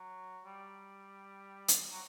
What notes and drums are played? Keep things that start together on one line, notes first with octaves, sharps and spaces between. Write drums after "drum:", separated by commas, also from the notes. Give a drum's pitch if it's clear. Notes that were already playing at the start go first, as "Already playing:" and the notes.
Already playing: F#3
G3
drum: hi-hat
F#3